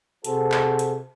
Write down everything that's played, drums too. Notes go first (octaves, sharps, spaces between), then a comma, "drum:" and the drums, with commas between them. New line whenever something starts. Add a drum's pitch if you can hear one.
C3 F#4 G#4 A4 C5, drum: hi-hat
drum: clap
drum: hi-hat